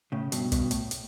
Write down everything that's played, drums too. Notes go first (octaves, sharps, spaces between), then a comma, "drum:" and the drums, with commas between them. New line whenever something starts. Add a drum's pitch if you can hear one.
A2 C#3
G2 B2, drum: hi-hat
G2 B2, drum: kick, hi-hat
A2, drum: hi-hat
drum: hi-hat